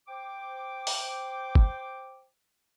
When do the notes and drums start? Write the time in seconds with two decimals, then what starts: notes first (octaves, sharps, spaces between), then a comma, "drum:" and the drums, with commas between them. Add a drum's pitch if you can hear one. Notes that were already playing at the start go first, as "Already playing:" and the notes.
0.08 C5 G5 D6
0.87 drum: open hi-hat
1.55 drum: kick